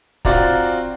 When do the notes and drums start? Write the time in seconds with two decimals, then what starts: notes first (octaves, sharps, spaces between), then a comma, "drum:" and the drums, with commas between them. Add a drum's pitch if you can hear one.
0.25 C4 F4 F#4 D5 A#5, drum: kick